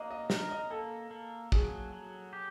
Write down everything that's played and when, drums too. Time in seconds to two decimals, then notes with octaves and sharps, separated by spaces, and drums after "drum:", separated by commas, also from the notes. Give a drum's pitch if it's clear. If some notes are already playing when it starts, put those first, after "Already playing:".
Already playing: A#3 F#4 D#5
0.11 D#5
0.30 A#4 D#5, drum: snare
0.51 D#5
0.71 A#3 A4
1.11 A#3
1.52 F#3 G#4, drum: kick
1.92 F#3
2.33 G4